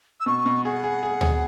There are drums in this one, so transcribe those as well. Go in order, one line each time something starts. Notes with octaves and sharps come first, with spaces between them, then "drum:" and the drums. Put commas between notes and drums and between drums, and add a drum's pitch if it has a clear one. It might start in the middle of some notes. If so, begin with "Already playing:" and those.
E6
B2 C#6
B2
G#4 F#5
G#4
G#4
G#4, drum: tom D2